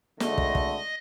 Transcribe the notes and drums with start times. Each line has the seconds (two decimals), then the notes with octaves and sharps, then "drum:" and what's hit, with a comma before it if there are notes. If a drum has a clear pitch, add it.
0.20 G#1 D3 A3 D#5 A#6, drum: snare
0.38 drum: kick
0.55 drum: kick